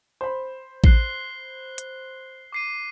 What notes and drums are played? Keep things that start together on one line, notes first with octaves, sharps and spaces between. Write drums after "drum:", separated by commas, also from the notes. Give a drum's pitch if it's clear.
C5 B5
F#6 C7 G7, drum: kick A1
drum: hi-hat
D6 C7 D#7